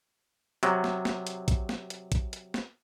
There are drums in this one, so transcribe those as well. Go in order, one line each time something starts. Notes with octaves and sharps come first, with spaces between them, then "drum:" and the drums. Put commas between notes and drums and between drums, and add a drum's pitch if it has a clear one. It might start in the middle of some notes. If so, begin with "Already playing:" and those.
C3 F#3, drum: hi-hat
drum: snare
drum: snare
drum: hi-hat
drum: kick, hi-hat
drum: snare
drum: hi-hat
drum: kick, hi-hat
drum: hi-hat
drum: snare